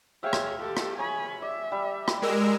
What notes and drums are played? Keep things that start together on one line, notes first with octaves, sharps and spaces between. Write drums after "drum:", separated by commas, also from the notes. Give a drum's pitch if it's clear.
G#4 C#5 E5 F5 G5
drum: rim click
G4 A4
drum: rim click
G#4 C#5 G#5 B5
D5 E5
G3
drum: rim click
G#3 G4 A#4 D#5 E6